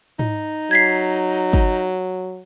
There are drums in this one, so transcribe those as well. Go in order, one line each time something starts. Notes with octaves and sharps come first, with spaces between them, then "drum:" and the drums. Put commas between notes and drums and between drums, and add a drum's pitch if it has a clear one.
D#4, drum: tom G#2
F#3 G#6 B6 C7
drum: kick